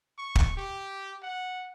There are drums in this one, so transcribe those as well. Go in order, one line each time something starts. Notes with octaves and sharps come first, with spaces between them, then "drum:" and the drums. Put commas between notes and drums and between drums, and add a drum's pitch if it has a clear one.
C#6
drum: kick
G4
F#5